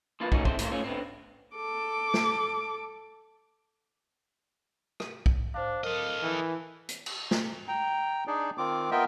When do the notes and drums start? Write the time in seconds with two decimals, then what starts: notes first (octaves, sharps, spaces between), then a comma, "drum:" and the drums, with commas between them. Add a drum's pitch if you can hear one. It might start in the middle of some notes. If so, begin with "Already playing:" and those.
0.20 F3 A#3 F4 B4
0.32 F#3 A3 A#3 C#4 D#4 F#4, drum: kick
0.45 C4 E4 A4 C5, drum: kick
0.59 E3 A3 A#3 C5, drum: hi-hat
0.72 A3 C#4 F4
0.84 D3 B3 C4
1.54 A4 D6
2.14 drum: snare
5.00 drum: rim click
5.26 drum: kick
5.54 D4 C5 F5
5.84 A4 A#4 D#5 F5
6.22 E3
6.89 drum: hi-hat
7.06 drum: cymbal
7.31 drum: snare
7.68 G5 A#5
8.27 D4 D#4 G#4 D5
8.58 D#3 C4 F4 D6
8.91 B3 F4 A#4 D#5 E5 G5